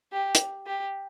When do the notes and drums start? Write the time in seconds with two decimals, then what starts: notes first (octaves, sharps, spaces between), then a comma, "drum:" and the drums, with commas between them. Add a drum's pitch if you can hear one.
0.12 G4
0.35 drum: hi-hat
0.66 G4